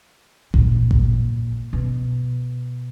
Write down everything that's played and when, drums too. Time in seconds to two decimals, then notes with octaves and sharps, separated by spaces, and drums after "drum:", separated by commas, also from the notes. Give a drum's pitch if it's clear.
0.54 A#2, drum: kick A1
0.91 drum: kick A1
1.73 B2